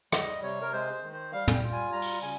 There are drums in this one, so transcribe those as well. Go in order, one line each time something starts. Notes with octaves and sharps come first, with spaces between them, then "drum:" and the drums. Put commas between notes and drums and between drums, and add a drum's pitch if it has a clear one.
G3 D#5, drum: rim click
C3 C#5
A#4
G#3 C5
C5
D#3
C5
G3 F5
G#5, drum: tom
G5
F4
G#5
G3 A#5
drum: open hi-hat
C#3 G#5